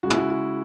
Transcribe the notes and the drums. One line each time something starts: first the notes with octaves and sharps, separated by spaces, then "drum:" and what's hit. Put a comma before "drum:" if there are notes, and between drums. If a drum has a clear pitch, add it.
C#3 G#3 F#4
E4, drum: tom
F#4
F#4